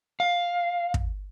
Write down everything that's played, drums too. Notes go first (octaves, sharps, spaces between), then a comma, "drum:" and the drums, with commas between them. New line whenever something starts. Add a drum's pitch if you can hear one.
F5
drum: kick